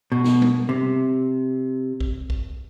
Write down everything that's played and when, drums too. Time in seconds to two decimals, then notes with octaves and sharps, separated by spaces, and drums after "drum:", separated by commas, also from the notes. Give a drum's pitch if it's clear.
0.12 B2
0.24 drum: snare
0.42 drum: tom G3
0.69 C3
2.00 drum: kick B1
2.30 drum: kick B1